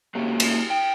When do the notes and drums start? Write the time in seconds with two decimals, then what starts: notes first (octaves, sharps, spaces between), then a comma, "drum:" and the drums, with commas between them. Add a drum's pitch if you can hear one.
0.15 A3 A#3 C#4 F#4 G4
0.40 drum: cymbal
0.70 G5